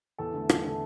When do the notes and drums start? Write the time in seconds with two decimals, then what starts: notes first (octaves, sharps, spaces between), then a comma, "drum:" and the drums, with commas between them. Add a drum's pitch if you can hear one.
0.18 E2 A4
0.33 D3 A3
0.49 E2, drum: rim click
0.64 D3 A3